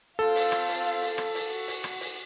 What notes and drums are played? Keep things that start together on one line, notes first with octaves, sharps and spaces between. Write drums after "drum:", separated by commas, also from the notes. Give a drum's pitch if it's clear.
C4 F4 A4 F5
drum: open hi-hat
drum: rim click
drum: open hi-hat
drum: open hi-hat
drum: rim click
drum: open hi-hat
F#4
drum: open hi-hat
drum: rim click
drum: open hi-hat